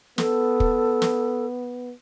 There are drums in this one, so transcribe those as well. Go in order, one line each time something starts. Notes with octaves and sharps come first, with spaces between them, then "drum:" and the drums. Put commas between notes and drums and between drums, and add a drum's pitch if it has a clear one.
B3 A4, drum: snare
drum: kick
drum: snare